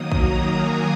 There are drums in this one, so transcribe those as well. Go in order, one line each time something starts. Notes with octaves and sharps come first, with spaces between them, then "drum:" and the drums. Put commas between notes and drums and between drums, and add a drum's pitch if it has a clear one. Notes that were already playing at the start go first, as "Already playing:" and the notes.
Already playing: D#3 F#3 A#3 D#6
A#5, drum: kick A#1
G#5